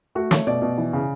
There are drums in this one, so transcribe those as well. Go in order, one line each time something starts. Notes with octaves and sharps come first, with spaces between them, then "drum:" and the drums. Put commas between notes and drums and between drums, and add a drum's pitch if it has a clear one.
A3 F#4
A3 C#5, drum: snare
B2 D5
B2
E3
C#3